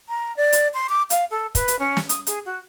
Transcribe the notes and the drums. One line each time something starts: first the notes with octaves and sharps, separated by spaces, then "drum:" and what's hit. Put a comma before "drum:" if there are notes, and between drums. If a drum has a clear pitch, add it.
A#5
D5
drum: hi-hat
C6
D6
F5, drum: hi-hat
A4
B4, drum: kick, hi-hat
drum: hi-hat
C#4
drum: snare
D#6, drum: hi-hat
G#4, drum: hi-hat
F#4